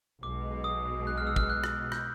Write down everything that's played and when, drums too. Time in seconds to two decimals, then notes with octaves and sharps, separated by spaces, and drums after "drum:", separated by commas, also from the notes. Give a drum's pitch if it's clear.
0.22 B1 B2 G#3 D6
0.64 D#6
1.07 F#6
1.18 F6
1.27 E6
1.36 F6, drum: kick
1.50 F#6
1.64 drum: rim click
1.92 G6, drum: rim click